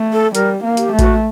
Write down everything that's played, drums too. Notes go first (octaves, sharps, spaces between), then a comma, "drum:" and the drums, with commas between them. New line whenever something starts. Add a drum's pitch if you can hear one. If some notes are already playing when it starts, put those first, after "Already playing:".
Already playing: A3
A4
G3 A#4, drum: hi-hat
A#3
G4, drum: hi-hat
A3
F#4, drum: kick A1, hi-hat